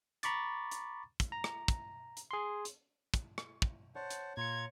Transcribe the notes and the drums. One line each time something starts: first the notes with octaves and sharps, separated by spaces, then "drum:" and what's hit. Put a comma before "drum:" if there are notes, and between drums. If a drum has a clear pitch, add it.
A#5 B5 C#6 D6 A6, drum: hi-hat
drum: hi-hat
drum: kick, hi-hat
A#5
drum: rim click
drum: kick, hi-hat
drum: hi-hat
G#4 C6
drum: hi-hat
drum: kick, hi-hat
drum: rim click
drum: kick
C5 C#5 F#5 A5
drum: hi-hat
A#2 F4 A#5 G#6 C#7